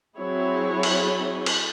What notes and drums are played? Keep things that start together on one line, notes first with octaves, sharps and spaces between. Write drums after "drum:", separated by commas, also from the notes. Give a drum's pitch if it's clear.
F#3 C4 E4 G#4 C#5
drum: cymbal
drum: cymbal